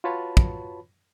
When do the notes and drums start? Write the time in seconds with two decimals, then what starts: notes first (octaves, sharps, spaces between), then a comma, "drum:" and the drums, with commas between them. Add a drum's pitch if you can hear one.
0.04 F4 F#4 B4 C#5 A5 B5
0.37 drum: kick